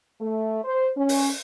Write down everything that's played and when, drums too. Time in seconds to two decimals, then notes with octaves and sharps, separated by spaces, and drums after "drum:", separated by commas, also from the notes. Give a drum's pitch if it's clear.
0.20 A3
0.63 C5
0.97 C#4
1.09 drum: open hi-hat